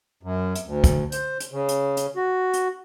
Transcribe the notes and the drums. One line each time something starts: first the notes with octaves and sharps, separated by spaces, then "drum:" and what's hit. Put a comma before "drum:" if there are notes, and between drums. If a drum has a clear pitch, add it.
F#2
drum: hi-hat
D2
drum: kick, hi-hat
C5, drum: hi-hat
drum: hi-hat
C#3
drum: hi-hat
drum: hi-hat
F#4
drum: hi-hat